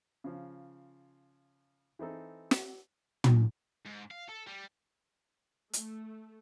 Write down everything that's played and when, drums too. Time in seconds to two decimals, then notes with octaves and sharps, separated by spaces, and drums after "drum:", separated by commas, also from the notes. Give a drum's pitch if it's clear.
0.24 C#3 F3
1.99 E3 C4 D#4 A4
2.51 drum: snare
3.24 drum: tom
3.86 G#2
4.11 F5
4.29 A4
4.47 G3
5.73 A3, drum: hi-hat